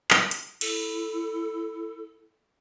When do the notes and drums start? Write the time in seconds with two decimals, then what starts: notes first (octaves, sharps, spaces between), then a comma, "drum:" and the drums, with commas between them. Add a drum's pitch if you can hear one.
0.11 drum: clap
0.31 drum: hi-hat
0.61 E4 A4, drum: cymbal